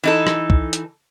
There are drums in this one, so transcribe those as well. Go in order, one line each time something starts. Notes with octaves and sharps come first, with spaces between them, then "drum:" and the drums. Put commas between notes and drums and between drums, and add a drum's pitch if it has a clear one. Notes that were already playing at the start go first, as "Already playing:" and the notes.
E3 D#4 A4
drum: rim click
drum: kick
drum: hi-hat